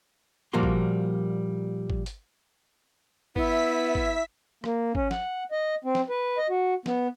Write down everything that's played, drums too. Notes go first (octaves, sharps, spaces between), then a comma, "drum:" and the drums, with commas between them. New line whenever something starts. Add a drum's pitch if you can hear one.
A#2 F3 G3 A#3 F#4 C6
drum: kick
drum: kick
drum: hi-hat
B3 E4 E5 B6, drum: kick
drum: kick
A#3, drum: rim click
C#4, drum: kick
F#5, drum: snare
D#5
C4
drum: snare
B4
D#5
F#4
B3, drum: snare